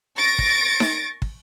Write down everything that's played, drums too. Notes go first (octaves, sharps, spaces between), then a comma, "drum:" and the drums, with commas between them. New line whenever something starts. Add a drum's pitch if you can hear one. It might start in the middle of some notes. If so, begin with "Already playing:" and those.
C#6 A6 A#6 D7
drum: kick
drum: snare D#4
drum: kick